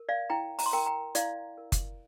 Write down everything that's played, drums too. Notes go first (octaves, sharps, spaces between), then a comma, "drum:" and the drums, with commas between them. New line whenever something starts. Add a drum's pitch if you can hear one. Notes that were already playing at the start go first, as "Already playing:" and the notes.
Already playing: A#4
D5 F5
E4 G5 A#5
A#5, drum: open hi-hat
C6
A#4 G5 A#5
G5 A#5
E4 D5 F5, drum: hi-hat
A#4
drum: kick F#1, hi-hat